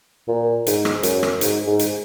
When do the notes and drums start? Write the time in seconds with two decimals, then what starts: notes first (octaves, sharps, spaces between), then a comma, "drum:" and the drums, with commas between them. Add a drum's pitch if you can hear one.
0.28 A#2
0.67 G#2, drum: hi-hat
0.85 drum: rim click
1.03 F#2, drum: hi-hat
1.23 drum: rim click
1.41 G#2, drum: hi-hat
1.67 G#2
1.79 drum: hi-hat